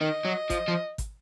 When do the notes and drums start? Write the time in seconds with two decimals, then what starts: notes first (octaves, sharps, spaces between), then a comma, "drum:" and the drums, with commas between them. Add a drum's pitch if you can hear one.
0.01 D#3 D#5
0.25 F#3
0.50 F3, drum: kick, hi-hat
0.68 F3
0.98 drum: kick, hi-hat